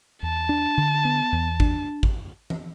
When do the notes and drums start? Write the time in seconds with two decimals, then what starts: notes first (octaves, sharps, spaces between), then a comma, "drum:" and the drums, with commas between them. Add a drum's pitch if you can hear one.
0.23 E2 A5
0.49 D4
0.77 D3
1.05 B3
1.32 E2
1.60 D4, drum: kick G#1
2.03 drum: kick G#1
2.50 drum: tom E3